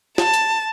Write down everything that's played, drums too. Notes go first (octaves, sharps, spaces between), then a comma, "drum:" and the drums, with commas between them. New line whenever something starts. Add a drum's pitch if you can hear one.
A5, drum: snare
drum: hi-hat